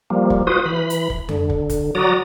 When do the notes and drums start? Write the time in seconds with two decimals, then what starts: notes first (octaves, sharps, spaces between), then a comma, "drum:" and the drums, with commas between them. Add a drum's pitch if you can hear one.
0.10 F3 G3 A#3
0.30 drum: kick
0.47 F4 F#4 B4 C5 D#6
0.66 E3 B5
0.90 drum: hi-hat
1.10 drum: kick
1.29 D3, drum: tom F2
1.50 drum: kick
1.69 drum: kick, hi-hat
1.95 F#3 F#4 D5 A#5 D#6